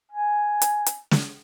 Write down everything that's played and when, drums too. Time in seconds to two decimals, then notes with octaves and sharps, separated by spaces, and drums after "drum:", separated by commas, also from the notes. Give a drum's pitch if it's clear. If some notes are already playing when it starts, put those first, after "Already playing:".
0.12 G#5
0.62 drum: hi-hat
0.86 drum: hi-hat
1.11 drum: snare